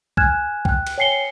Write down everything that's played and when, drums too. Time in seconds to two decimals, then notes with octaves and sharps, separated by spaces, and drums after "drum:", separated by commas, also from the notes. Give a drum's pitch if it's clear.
0.17 G#5 F6 F#6 G#6 E7, drum: kick
0.65 G5 F#6, drum: kick
0.87 drum: cymbal
0.98 C#5 G5 G#5 C7 C#7 G7